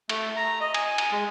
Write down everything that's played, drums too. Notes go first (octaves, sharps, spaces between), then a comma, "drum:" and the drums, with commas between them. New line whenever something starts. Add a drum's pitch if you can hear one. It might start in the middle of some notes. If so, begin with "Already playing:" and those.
A3, drum: cymbal
A#5
D#5
G#5, drum: cymbal
drum: cymbal
G#3